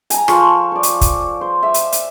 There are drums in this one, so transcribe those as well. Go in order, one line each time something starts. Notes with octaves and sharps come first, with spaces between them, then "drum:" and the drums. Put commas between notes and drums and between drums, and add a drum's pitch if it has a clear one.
G#5 A#5, drum: hi-hat
F3 F4 A4 C#6, drum: rim click
C#5 D5
drum: hi-hat
drum: kick, hi-hat
C5
E5
drum: hi-hat
drum: hi-hat